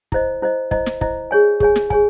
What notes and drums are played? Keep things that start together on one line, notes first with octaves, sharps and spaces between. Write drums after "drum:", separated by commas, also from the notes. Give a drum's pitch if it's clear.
E4 C5 D#5, drum: kick
E4 C5 D#5
E4 C5 D#5, drum: kick
drum: snare
E4 C5 D#5, drum: kick
G#4 C#5 G#5
G#4 C#5 G#5, drum: kick
drum: snare
G#4 C#5 G#5, drum: kick